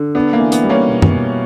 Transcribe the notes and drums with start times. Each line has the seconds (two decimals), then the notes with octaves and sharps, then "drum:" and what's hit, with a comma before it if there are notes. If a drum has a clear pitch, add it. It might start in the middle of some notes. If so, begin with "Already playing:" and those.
Already playing: D3
0.15 B3 D4
0.33 A#3
0.39 E3
0.52 B3, drum: hi-hat
0.63 G3
0.69 A#3 C#4
0.88 B2
1.02 drum: tom F#2
1.12 B2